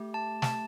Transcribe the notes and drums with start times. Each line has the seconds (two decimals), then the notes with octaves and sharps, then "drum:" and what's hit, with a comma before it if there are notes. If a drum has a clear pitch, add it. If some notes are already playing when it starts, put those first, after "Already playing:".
Already playing: A3 G4
0.14 A5
0.42 A5, drum: snare